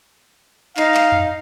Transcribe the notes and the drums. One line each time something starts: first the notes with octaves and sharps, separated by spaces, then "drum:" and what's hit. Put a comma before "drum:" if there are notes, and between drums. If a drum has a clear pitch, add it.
D#4 F5, drum: clap
drum: clap
drum: tom F2